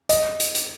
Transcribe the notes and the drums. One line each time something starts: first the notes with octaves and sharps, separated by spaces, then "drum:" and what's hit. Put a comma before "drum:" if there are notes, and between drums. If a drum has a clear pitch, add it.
D#5, drum: hi-hat
drum: hi-hat
drum: hi-hat